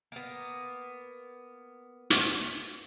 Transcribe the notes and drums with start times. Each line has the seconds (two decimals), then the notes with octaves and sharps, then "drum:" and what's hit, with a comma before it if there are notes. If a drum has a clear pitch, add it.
0.12 A#3 B3
2.10 drum: hi-hat